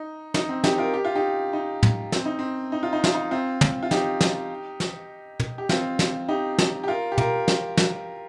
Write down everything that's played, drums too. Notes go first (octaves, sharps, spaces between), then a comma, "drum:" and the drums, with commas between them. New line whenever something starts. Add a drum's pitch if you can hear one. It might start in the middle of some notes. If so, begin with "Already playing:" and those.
Already playing: D#4
D#4, drum: snare
C4
D#4 G4, drum: snare
F4 A#4
G4
F4
D#4 G4
D#4
drum: tom
C4, drum: snare
D#4
C4
D#4
F4
D#4
F4, drum: snare
D#4
C4 F4
drum: tom
F4
D#4 G4, drum: snare
drum: snare
drum: snare
drum: tom
G4
C4 F4, drum: snare
drum: snare
D#4 G4
drum: snare
G4
F4 A#4
G4
F4 A#4, drum: tom
drum: snare
drum: snare